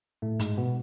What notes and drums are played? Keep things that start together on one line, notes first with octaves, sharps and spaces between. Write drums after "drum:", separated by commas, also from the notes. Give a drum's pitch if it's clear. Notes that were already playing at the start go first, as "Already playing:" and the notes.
A2 A3
G#2 G#3, drum: hi-hat
B2 B3